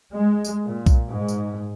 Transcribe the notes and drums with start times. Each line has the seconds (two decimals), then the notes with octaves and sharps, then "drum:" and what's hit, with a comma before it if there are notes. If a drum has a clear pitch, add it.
0.14 G#3
0.44 drum: tambourine
0.65 A#2
0.86 drum: kick B1, tambourine
1.10 G#2
1.28 drum: tambourine